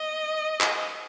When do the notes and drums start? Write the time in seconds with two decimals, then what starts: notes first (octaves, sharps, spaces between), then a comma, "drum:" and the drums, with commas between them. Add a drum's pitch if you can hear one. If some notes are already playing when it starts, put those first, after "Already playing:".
Already playing: D#5
0.61 drum: clap